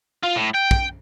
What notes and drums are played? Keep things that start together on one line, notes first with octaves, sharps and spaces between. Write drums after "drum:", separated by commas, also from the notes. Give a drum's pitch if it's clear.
F4
A2
G5
drum: kick